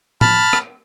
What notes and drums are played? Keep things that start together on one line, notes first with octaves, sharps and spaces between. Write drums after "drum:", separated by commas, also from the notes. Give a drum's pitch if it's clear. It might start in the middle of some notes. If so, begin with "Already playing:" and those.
A5 B5 F6, drum: tom
drum: rim click